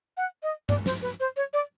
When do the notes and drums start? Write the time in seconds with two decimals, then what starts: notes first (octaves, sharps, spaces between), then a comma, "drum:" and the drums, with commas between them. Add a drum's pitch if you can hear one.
0.17 F#5
0.43 D#5
0.69 D5, drum: tom G2
0.86 C5, drum: snare
1.02 B4
1.20 C5
1.37 C#5
1.53 D5